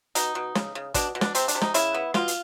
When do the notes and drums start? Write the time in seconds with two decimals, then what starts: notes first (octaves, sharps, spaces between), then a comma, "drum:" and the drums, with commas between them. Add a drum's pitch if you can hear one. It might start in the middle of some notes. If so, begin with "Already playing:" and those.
0.15 B2 D#4, drum: hi-hat
0.35 B2
0.55 C#3, drum: snare
0.75 C#3
0.94 B2 D4, drum: kick, hi-hat
1.15 B2
1.21 D4, drum: snare
1.35 C3 C4, drum: hi-hat
1.48 D4, drum: hi-hat
1.55 C3
1.61 D#4, drum: snare
1.74 C#3 E4, drum: hi-hat
1.94 B3
2.14 B2 F4, drum: snare
2.28 drum: hi-hat